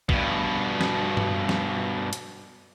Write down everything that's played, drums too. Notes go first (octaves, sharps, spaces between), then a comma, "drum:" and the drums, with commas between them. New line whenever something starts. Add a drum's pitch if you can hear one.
G2 B2, drum: kick
drum: snare
drum: tom G2
drum: snare
drum: hi-hat